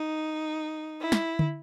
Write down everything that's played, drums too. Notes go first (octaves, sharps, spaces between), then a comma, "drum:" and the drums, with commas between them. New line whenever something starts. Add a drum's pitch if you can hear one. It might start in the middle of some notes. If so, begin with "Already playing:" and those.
Already playing: D#4
E4
drum: snare
drum: tom D3